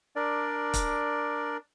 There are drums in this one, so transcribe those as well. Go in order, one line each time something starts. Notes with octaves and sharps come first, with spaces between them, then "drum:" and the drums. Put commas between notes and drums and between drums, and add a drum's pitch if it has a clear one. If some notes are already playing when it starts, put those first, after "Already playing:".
D4 A#4 D5
drum: kick, hi-hat